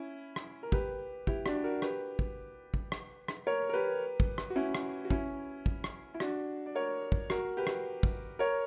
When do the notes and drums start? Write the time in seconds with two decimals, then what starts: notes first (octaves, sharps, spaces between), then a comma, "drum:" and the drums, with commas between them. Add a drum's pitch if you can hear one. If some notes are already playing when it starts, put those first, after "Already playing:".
Already playing: C#4 E4
0.36 drum: rim click
0.63 A#4
0.72 G4 B4, drum: kick
1.27 E4 G4, drum: kick
1.46 D4 F#4, drum: rim click
1.64 F#4 A#4
1.82 G4 B4, drum: rim click
2.19 drum: kick
2.74 drum: kick
2.92 drum: rim click
3.28 drum: rim click
3.47 A#4 C#5
3.69 A#4
3.74 G4 B4
4.20 drum: kick
4.38 drum: rim click
4.50 F#4
4.56 C#4 E4
4.75 drum: rim click
5.05 F#4
5.10 C#4 E4, drum: kick
5.66 drum: kick
5.84 drum: rim click
6.14 E4
6.20 D4 F#4, drum: rim click
6.66 D5
6.75 A#4 C#5
7.12 drum: kick
7.30 F#4 A#4, drum: rim click
7.57 G4 B4
7.67 drum: rim click
8.03 drum: kick
8.39 A#4 C#5